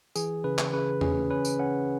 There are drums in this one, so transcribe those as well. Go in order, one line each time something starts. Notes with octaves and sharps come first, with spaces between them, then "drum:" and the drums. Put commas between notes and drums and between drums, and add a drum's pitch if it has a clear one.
E3 G#4, drum: tambourine
C#3 B4
drum: clap
C#3 B4
C#4 G#4, drum: tom E2
C#4 B4
drum: tambourine
C#4 F#5